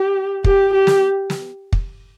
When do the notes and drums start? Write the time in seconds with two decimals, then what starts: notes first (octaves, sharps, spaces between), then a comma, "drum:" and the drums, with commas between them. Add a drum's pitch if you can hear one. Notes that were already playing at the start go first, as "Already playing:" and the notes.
Already playing: G4
0.44 G4, drum: kick
0.73 G4
0.87 drum: snare
1.30 drum: snare
1.73 drum: kick